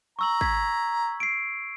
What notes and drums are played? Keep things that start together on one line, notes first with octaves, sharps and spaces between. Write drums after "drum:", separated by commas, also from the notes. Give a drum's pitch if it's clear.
A#5 C#6 E6 F#7
G#6 B6, drum: kick G#1
C7 D7